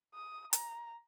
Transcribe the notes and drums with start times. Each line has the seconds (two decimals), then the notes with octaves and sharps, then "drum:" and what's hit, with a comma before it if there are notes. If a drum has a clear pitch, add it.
0.15 D#6
0.53 A#5, drum: hi-hat